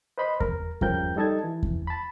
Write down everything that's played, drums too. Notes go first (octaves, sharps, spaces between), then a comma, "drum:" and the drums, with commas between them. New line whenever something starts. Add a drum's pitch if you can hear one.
B4 C5 D#5 B5 C6
A#4, drum: kick E2
G2 C#3 F3 A#4 G5 G6, drum: kick E2
G3 D#4 A4 D#5 A5 G#6
E3
drum: kick E2
A5 B5